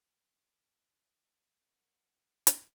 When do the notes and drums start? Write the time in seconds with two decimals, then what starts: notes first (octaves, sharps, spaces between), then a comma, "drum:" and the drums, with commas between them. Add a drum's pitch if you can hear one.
1.68 A#4 F#5
2.47 drum: hi-hat